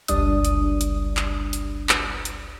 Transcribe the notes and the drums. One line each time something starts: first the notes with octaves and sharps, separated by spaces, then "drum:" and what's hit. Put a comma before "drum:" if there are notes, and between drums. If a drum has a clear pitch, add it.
G1 C#2 G3 D4 D#6, drum: hi-hat
drum: hi-hat
drum: hi-hat
drum: clap
drum: hi-hat
drum: clap
drum: hi-hat